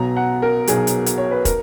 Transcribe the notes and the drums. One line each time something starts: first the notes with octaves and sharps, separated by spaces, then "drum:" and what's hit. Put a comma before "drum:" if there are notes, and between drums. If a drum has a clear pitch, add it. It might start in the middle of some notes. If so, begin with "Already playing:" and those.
Already playing: B1 B2 F#3 A#5
F#5
A#4
B1 B2 F#3 G#4, drum: hi-hat
drum: hi-hat
drum: hi-hat
C#5
B4
A#4, drum: kick, hi-hat